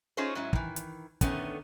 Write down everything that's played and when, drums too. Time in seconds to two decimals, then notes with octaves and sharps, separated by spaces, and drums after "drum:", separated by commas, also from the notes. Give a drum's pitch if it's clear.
0.17 C#4 D#4 F4 G#4 C5 C#5
0.35 G#2 F#3 C#4 E4
0.53 D#3 E3, drum: kick
0.76 drum: hi-hat
1.21 D3 D#3 G#3 A3 B3 C#4, drum: kick, hi-hat